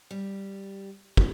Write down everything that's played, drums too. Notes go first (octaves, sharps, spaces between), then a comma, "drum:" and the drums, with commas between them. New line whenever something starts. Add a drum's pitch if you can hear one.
G3
drum: kick